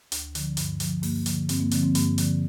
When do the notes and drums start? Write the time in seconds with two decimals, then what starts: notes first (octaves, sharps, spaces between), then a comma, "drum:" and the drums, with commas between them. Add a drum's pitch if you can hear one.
0.12 D2, drum: hi-hat
0.35 D3 F3, drum: hi-hat
0.57 G2, drum: hi-hat
0.80 D3 F3, drum: hi-hat
1.03 G2 A#3, drum: open hi-hat
1.26 D3 F3, drum: hi-hat
1.49 G2 C4, drum: hi-hat
1.60 A#3
1.71 D3 F3 C4, drum: hi-hat
1.83 C4
1.95 G2 A#3, drum: hi-hat
2.18 D3 F3, drum: hi-hat